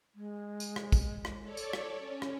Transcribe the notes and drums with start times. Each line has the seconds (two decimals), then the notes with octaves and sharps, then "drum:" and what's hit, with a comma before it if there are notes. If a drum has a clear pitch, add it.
0.15 G#3
0.60 drum: tambourine
0.76 drum: rim click
0.92 drum: kick, tambourine
1.25 drum: rim click
1.41 A4 C#5 D5
1.57 drum: tambourine
1.73 drum: rim click
1.98 C#4
2.22 drum: rim click